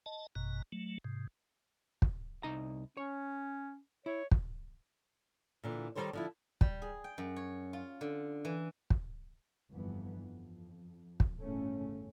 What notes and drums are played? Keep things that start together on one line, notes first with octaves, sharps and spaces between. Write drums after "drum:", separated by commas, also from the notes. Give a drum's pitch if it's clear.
D#5 A5
G#1 F#2 B2 A#5
F#3 A3
G#2 C3
drum: kick
C2 D#4 A#5
C#4 C#5
E4 C#5
drum: kick
A#2 D3 E3
D#3 F3 G3 A4 C5 C#5
D3 F3 E4
G3, drum: kick
G#4
G5
F#2
C#5
F4
D3
E3
drum: kick
G1 F2 E3 B3
F2
drum: kick
G1 E2 A2 C#3 A3 C#4